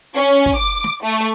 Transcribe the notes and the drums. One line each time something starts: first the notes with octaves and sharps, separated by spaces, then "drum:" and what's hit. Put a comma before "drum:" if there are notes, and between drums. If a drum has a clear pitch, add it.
C#4
drum: kick
D6
drum: snare
A3